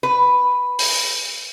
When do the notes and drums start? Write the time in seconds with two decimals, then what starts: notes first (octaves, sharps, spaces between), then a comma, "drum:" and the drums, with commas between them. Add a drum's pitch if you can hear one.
0.03 B4
0.79 drum: open hi-hat